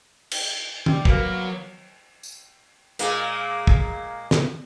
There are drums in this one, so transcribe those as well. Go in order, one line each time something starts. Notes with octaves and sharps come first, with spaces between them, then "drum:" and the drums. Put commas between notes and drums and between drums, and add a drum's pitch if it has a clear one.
drum: cymbal
G3, drum: tom
F#3 A#3 B3, drum: kick
drum: tambourine
A#2 G#3 A#3, drum: hi-hat
drum: kick
drum: snare